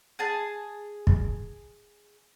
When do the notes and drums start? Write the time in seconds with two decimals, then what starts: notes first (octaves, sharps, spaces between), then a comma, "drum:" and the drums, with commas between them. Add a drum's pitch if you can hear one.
0.19 G#4 G#5 A5
1.07 drum: kick